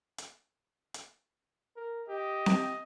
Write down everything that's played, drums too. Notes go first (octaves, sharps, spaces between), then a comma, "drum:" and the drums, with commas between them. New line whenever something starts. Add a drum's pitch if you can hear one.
drum: hi-hat
drum: hi-hat
A#4
G4 D#5
drum: snare C4